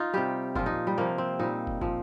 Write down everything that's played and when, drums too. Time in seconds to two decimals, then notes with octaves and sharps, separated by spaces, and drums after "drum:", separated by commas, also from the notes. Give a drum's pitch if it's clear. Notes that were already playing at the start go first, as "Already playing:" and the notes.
Already playing: D#4 F4
0.13 C3 G3 G4
0.55 A#2 F3 F4, drum: kick
0.66 D#4
0.87 G3
0.97 C3 F3 A#3
1.18 C4
1.39 A#2 G3 D#4
1.67 drum: kick
1.81 A#2 F3, drum: kick